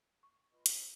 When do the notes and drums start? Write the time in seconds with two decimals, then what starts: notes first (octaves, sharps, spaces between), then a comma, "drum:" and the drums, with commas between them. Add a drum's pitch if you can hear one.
0.23 C#6
0.52 F4 B4 D#5
0.66 D4 C5, drum: hi-hat